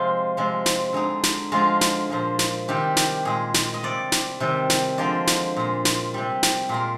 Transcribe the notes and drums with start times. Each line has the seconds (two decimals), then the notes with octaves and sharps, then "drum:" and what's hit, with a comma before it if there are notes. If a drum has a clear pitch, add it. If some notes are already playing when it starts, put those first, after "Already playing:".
Already playing: C3 F3 G#3 F4
0.37 C3 F3 G#3
0.66 drum: snare
0.93 D3 G#3 D#4
1.23 drum: snare
1.52 D3 F3 G#3 F4
1.81 drum: snare
2.09 A#2 F3 G#3
2.39 drum: snare
2.68 C3 D#3 G3 G4
2.97 drum: snare
3.25 A#2 G#3 G#4
3.54 drum: snare
3.74 D#5
3.83 C3 G3 D5
4.12 drum: snare
4.40 C3 D#3 G3
4.70 drum: snare
4.98 D3 F3 G#3 D5
5.27 drum: snare
5.56 A#2 G#3
5.85 drum: snare
6.14 C3 G3
6.43 drum: snare
6.69 A#2 G#3 A#4